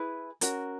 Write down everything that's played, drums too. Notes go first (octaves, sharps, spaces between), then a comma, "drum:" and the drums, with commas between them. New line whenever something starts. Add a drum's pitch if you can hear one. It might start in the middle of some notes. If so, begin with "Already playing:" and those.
Already playing: E4 G#4 B4
C#4 F#4 A#4, drum: hi-hat